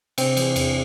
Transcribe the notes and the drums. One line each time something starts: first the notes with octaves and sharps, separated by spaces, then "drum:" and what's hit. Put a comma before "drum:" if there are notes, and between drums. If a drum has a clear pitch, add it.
C3 C4, drum: cymbal
E3, drum: cymbal
E2, drum: cymbal